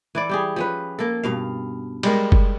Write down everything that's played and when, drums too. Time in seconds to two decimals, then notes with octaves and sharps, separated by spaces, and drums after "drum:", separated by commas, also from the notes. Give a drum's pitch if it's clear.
0.15 E3 E4 D5
0.29 G3 G4 G#4
0.56 F3 C#4 B4
0.99 A#3 A4
1.23 G2 B2 F5
2.03 G3 G#3 A#4, drum: cymbal
2.32 drum: kick F#1